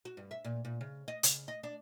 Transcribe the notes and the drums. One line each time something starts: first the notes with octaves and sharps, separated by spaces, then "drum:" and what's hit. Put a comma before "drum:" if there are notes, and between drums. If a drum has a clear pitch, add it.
F#4
G2
E5
A#2
A#2
C#3
D#5
C#3, drum: hi-hat
D#5
D4